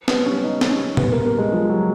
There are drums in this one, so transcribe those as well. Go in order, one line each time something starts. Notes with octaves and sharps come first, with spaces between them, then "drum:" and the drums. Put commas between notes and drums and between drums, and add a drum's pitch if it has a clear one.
B3, drum: snare
C#4
D#4
drum: snare
C#4
B3, drum: tom
A#3
A#3
G#3
F3
F#3